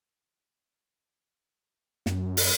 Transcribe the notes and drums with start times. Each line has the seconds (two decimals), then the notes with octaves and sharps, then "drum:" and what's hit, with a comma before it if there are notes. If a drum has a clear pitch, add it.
2.06 F#2, drum: snare
2.37 drum: open hi-hat